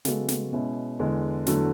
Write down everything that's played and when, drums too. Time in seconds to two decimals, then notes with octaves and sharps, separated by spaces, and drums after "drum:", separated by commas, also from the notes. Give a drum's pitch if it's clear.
0.05 C#3 G#3 B3 F#4 A4, drum: snare
0.28 drum: snare
0.52 B2 G#3 C#4 E4
0.99 E2 D3 G#3
1.46 E2 D3 F#3 A3 D4, drum: snare